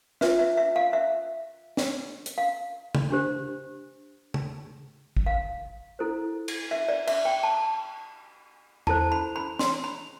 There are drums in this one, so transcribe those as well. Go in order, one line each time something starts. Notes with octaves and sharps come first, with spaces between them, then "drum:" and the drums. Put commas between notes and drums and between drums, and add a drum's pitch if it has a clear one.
F4 B4 E5, drum: snare
E5
E5
F5
E5
drum: snare
drum: hi-hat
F5
drum: tom
D4 G4 C5
drum: tom
drum: kick
F5
E4 A4 C5
drum: cymbal
E5
D5
E5, drum: cymbal
G5
A5
E4 A4 C5 A5, drum: tom
B5
B5
C6, drum: snare
B5